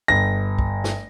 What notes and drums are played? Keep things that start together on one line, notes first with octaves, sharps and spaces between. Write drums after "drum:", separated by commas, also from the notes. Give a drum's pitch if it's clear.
G1 A#6
drum: kick
drum: snare